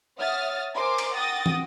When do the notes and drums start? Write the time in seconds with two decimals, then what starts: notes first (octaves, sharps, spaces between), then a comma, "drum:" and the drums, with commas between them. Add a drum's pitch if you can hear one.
0.18 C#5 E5 F#5 D#6 F6 A6
0.75 A#4 C5 G#5 A#5 C6 D6
0.98 drum: cymbal
1.14 F#5 G5 D#6 A6 A#6
1.46 drum: tom